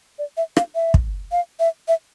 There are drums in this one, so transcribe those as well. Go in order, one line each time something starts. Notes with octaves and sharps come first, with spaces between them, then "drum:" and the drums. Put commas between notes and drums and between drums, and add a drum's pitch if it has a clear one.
D5
E5
F5, drum: rim click
E5
drum: kick
F5
E5
E5